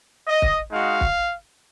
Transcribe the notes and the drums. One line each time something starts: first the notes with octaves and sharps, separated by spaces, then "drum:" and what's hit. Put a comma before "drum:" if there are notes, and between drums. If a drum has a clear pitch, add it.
D#5
drum: kick
G#3 D#4 F#4 F5
drum: kick